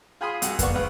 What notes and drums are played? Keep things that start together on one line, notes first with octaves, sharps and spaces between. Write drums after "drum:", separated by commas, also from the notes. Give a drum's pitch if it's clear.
F4 G#4 G#5 B5 C6 D#6
C2 F#4 G#4 F#5, drum: hi-hat
A#3 B3 D5 F#5 C#6, drum: kick F2, hi-hat
C#2 B4